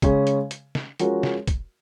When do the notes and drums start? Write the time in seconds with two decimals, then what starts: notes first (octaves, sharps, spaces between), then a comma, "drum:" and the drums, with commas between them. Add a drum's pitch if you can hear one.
0.02 C#3 G#3 C#4, drum: kick, hi-hat
0.27 drum: hi-hat
0.51 drum: hi-hat
0.75 drum: snare
0.99 F3 G#3 C#4 F#4 A#4, drum: hi-hat
1.23 drum: snare
1.47 drum: kick, hi-hat